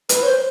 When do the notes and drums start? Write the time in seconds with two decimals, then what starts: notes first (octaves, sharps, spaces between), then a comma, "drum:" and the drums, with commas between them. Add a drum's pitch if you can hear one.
0.09 B4, drum: hi-hat
0.22 C#5
0.26 C5